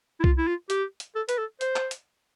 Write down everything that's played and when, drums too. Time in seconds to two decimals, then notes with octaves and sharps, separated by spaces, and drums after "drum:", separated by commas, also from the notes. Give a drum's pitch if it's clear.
0.20 E4
0.24 F4, drum: kick C2
0.38 E4
0.47 F4
0.70 G4, drum: hi-hat
1.00 drum: hi-hat
1.15 A4
1.29 B4, drum: hi-hat
1.38 A4
1.61 C5, drum: hi-hat
1.76 drum: clap
1.91 drum: hi-hat